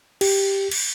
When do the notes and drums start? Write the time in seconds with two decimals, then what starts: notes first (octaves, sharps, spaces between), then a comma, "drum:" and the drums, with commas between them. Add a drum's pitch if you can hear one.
0.21 G4, drum: cymbal
0.71 drum: cymbal